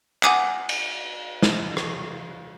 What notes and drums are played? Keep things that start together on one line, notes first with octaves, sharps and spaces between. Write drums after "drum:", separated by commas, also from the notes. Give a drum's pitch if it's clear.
F#5 G#5 D6 D#6, drum: clap
drum: cymbal
drum: snare
drum: rim click